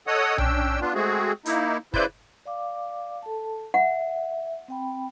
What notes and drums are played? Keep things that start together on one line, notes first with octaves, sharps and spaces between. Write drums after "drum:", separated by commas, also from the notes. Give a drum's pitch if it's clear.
A4 C#5 D#5 F#5 D#6
C#4 D4 G5 E6, drum: tom B1
B3 D4 F4
G#3 A3 C4 F#4 G#4
A#3 D#4 E4, drum: hi-hat
C#3 E4 B4 C5 D5 G6, drum: kick
D5 F5 D6
A4 A5
E5 F#5
C4 G5 B5